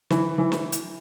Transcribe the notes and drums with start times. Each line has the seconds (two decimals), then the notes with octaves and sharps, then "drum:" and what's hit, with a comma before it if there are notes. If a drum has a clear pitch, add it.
0.10 E3, drum: snare
0.38 E3
0.52 drum: snare
0.72 drum: hi-hat